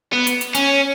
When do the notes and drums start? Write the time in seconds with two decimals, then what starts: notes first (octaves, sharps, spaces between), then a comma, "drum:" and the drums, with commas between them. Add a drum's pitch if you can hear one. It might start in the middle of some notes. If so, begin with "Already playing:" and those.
0.13 B3
0.27 drum: hi-hat
0.41 drum: hi-hat
0.55 C#4, drum: hi-hat